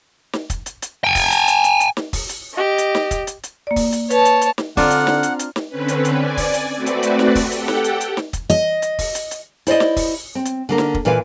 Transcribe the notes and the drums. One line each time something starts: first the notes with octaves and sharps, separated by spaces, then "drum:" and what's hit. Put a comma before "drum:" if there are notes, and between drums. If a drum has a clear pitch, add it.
drum: snare
drum: kick, hi-hat
drum: hi-hat
drum: hi-hat
G5 G#5
drum: kick, open hi-hat
drum: hi-hat
drum: hi-hat
drum: hi-hat
drum: hi-hat
drum: snare
drum: kick, open hi-hat
drum: hi-hat
G4 D#5
drum: hi-hat
drum: snare
drum: kick, hi-hat
drum: hi-hat
drum: hi-hat
A#3 D5
drum: kick, open hi-hat
drum: hi-hat
B4 C#5 A5, drum: hi-hat
drum: hi-hat
drum: hi-hat
drum: snare
D3 C4 D4 F4 F#5 A#5 F6, drum: kick, open hi-hat
drum: hi-hat
drum: snare
drum: hi-hat
drum: hi-hat
drum: snare
D3 C4 C#4 B4
drum: hi-hat
drum: hi-hat
D5 G#5
drum: kick, open hi-hat
drum: hi-hat
A3 C4 F#4 B4 D5
drum: hi-hat
drum: hi-hat
drum: snare
drum: kick, open hi-hat
G4 A4 F#5 G5, drum: hi-hat
drum: snare
drum: hi-hat
drum: hi-hat
drum: snare
drum: kick, hi-hat
D#5, drum: hi-hat
drum: hi-hat
drum: kick, open hi-hat
drum: hi-hat
drum: hi-hat
E4 C5 D5 D#5, drum: hi-hat
drum: snare
drum: kick, open hi-hat
C4
drum: hi-hat
D3 A#3 A#4
drum: snare
drum: kick
A#2 E3 F4 B4 F5